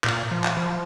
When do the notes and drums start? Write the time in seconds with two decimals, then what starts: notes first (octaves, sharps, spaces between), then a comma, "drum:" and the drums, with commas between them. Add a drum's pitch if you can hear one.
0.04 A#2, drum: clap
0.31 F3
0.44 drum: clap
0.57 F3